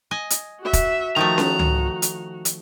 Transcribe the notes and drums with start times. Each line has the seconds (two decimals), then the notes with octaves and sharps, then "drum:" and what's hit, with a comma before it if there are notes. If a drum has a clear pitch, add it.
0.11 D#5 G#5
0.30 drum: hi-hat
0.60 F#4 E5
0.73 drum: kick, hi-hat
1.16 D#3 F3 A3 F#4 A#5
1.38 drum: snare C#4
1.59 drum: tom C#2
2.02 drum: hi-hat
2.45 drum: hi-hat